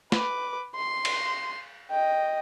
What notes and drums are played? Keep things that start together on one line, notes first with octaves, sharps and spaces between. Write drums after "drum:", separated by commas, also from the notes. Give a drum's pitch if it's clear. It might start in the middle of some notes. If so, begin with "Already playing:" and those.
B4 D6, drum: snare
C6
drum: cymbal
D#5 G5